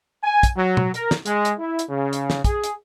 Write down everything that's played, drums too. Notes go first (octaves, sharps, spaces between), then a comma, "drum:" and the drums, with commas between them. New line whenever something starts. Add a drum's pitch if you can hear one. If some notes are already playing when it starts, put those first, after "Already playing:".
G#5
drum: kick, hi-hat
F#3
drum: tom
A#4, drum: hi-hat
drum: snare
G#3, drum: hi-hat
drum: hi-hat
E4
drum: hi-hat
C#3
drum: hi-hat
drum: snare
G#4, drum: kick, hi-hat
drum: hi-hat